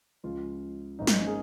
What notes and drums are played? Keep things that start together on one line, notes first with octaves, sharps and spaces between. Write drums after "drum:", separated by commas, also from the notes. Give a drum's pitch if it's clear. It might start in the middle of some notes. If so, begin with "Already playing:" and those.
C#2 C#3 F3 F4
G#1 G#2 D#3 D#4
A#3, drum: snare
C#4
G#4